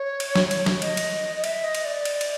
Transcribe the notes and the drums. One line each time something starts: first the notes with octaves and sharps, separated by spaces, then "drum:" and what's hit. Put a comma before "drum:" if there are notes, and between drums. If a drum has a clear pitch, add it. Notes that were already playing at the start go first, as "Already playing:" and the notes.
Already playing: C#5
drum: cymbal
drum: snare
drum: cymbal
drum: snare
D#5, drum: cymbal
drum: cymbal
D#5
E5, drum: cymbal
D#5
drum: cymbal
D5
drum: cymbal
drum: cymbal